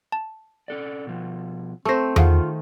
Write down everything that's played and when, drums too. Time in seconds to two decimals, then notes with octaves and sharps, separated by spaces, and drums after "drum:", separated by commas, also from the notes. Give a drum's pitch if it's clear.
0.12 A5
0.68 C#4 A4 D5
1.07 B2 F3
1.85 A3 C4 C5 C#6 E6 A#6
2.16 D#3 F4 G#4 F5 F#5, drum: tom E2